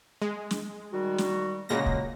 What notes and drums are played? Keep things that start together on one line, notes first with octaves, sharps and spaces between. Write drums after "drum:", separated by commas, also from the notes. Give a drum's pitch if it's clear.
G#3
drum: snare
D#3 G3 F#4
drum: snare
A#2 C#3 F#3 G#3 A#3 A#6
drum: kick